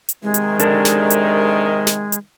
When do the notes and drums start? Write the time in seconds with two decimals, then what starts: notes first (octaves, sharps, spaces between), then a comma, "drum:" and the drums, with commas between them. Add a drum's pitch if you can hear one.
0.09 drum: hi-hat
0.23 C3 D#3 G#3
0.34 drum: hi-hat
0.59 D4 A4 A#4, drum: hi-hat
0.85 drum: snare
1.10 drum: hi-hat
1.87 drum: snare
2.12 drum: hi-hat